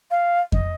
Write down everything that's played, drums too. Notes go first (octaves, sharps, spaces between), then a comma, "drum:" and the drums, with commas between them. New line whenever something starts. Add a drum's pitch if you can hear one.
F5
D#5, drum: kick F2